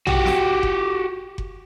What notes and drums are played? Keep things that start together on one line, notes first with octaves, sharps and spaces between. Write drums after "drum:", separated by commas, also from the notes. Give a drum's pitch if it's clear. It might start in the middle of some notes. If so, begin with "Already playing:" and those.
F#4 G4, drum: tom
drum: snare
drum: kick F#1
drum: kick F#1